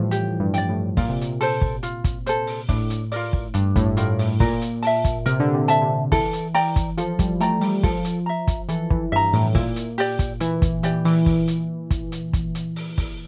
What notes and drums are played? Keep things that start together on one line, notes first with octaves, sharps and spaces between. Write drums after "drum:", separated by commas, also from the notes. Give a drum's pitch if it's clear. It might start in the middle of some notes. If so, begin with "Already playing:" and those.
Already playing: A2 E3 F3 G3
G4, drum: hi-hat
G2
D5 G5, drum: hi-hat
A2
A#2 F4, drum: kick, open hi-hat
C3
A#2, drum: hi-hat
A4 C5, drum: open hi-hat
drum: kick
F4, drum: hi-hat
drum: kick, hi-hat
A4 C5, drum: hi-hat
drum: open hi-hat
A2 D4, drum: kick, open hi-hat
drum: hi-hat
F4 A#4 D5, drum: open hi-hat
drum: kick
G2 D4, drum: hi-hat
A2, drum: kick, hi-hat
A2 F4 A#4 D5, drum: hi-hat
A2, drum: open hi-hat
A#2 A#4, drum: kick, open hi-hat
drum: hi-hat
E5 A5, drum: open hi-hat
drum: kick, hi-hat
C3 A#4, drum: hi-hat
D3
C3
D3 E5 A5, drum: hi-hat
C3
E3 A4, drum: kick, open hi-hat
drum: hi-hat
D5 G5 A#5, drum: open hi-hat
drum: kick, hi-hat
F3 A4, drum: hi-hat
G3, drum: kick, hi-hat
A3 D5 G5 A#5, drum: hi-hat
G3, drum: open hi-hat
F3 A4, drum: kick, open hi-hat
drum: hi-hat
E5 A#5
drum: kick, hi-hat
E3 A4, drum: hi-hat
E3, drum: kick
G2 E5 A#5
A2, drum: open hi-hat
A#2 E4, drum: kick, open hi-hat
drum: hi-hat
G4 D5, drum: open hi-hat
drum: kick, hi-hat
E3 E4, drum: hi-hat
drum: kick, hi-hat
E3 G4 D5, drum: hi-hat
E3, drum: open hi-hat
drum: kick, open hi-hat
drum: hi-hat
drum: kick, hi-hat
drum: hi-hat
drum: kick, hi-hat
drum: hi-hat
drum: open hi-hat
drum: kick, open hi-hat